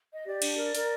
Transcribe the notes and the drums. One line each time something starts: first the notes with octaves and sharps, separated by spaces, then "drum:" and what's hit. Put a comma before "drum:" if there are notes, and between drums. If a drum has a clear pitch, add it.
D#5
G4 D5
D4, drum: cymbal
A#4
A#4, drum: hi-hat